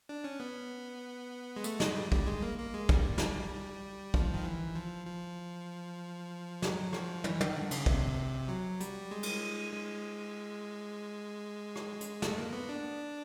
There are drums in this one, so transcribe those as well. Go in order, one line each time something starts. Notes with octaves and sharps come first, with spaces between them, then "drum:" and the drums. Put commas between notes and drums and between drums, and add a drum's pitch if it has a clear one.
D4
C#4
B3
G#3
A3, drum: tambourine
G#3, drum: snare
G3
G3, drum: kick
G#3
A#3
A#3
G#3
G3, drum: kick
drum: snare
F3, drum: kick
D#3
E3
F3
F3
F#3, drum: snare
F3, drum: rim click
E3, drum: tom
D#3, drum: tom
D3
C#3, drum: cymbal
C3, drum: kick
F#3
G3, drum: hi-hat
G#3
drum: cymbal
G#3
drum: rim click
drum: hi-hat
A3, drum: snare
A#3
B3
D4